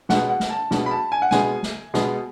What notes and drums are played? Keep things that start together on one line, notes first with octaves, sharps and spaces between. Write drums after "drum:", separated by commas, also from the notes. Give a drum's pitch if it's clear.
B2 G#3 B3 F#5, drum: snare
F#5
drum: snare
A5
B2 G#3 B3, drum: snare
B5
A5
G#5
F#5
B2 G#3 B3 G#5, drum: snare
drum: snare
B2 G#3 B3, drum: snare